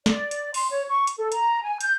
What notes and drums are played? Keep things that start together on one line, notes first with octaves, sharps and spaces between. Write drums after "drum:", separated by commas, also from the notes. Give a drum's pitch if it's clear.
D5, drum: snare
drum: hi-hat
C6, drum: open hi-hat
C#5
C#6
drum: hi-hat
A4
A#5, drum: hi-hat
G#5
G6, drum: hi-hat